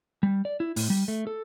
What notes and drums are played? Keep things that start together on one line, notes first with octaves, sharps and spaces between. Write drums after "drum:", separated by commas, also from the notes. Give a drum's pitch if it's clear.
G3
D5
E4
A2, drum: open hi-hat
G3
A3
A4